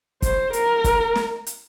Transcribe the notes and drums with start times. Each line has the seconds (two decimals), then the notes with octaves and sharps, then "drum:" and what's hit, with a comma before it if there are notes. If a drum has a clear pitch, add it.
0.22 C5, drum: kick, hi-hat
0.53 A#4, drum: hi-hat
0.84 drum: kick, hi-hat
1.15 drum: snare
1.47 drum: hi-hat